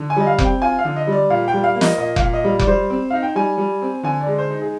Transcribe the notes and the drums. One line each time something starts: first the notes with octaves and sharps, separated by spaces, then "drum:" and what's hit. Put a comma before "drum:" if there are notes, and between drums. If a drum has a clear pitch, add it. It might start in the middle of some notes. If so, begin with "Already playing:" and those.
Already playing: D3
G#5
G3 D#5
F5
C4, drum: kick F1
G5
F4 G#5
F5
D3
D#5
G3
D5
A#2 F5
G5
G3
F5
A#3
D#5, drum: snare
A#2 D#5
F5, drum: kick F1
A#2
D#5
G3
D5, drum: kick F1
G3 C5
C4
D#4 F5
G5
G3 G#5
G3
C4
D3 G#5
D5
G#3
C5
D#4
G#4